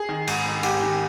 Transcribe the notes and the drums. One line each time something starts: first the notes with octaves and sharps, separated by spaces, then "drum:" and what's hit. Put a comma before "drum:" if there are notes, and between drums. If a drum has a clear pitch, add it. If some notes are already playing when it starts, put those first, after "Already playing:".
Already playing: G#4
D#3
G#2, drum: cymbal
D#3
G#2 G4, drum: cymbal
D#3